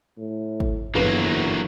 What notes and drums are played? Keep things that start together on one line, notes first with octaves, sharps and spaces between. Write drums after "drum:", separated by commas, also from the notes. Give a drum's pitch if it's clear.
A2
drum: kick
G1 E2 F#3 A#3 B4